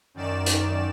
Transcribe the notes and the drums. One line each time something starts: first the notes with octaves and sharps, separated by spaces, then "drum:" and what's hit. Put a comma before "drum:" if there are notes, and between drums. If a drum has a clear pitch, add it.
F#2 D#3 D5 E7
drum: hi-hat